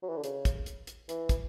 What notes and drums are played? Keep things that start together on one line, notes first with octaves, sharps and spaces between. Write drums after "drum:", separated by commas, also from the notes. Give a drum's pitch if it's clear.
F#3
E3
D3
C#3, drum: hi-hat
drum: kick, hi-hat
drum: hi-hat
drum: hi-hat
E3, drum: hi-hat
drum: kick, hi-hat